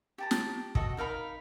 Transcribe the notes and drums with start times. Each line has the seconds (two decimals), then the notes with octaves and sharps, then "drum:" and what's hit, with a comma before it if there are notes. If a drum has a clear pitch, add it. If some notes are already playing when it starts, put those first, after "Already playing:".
0.18 G4 A5 A#5
0.31 drum: snare
0.75 F#4 A4 D#5, drum: kick
0.97 D#4 A#4 F5 B5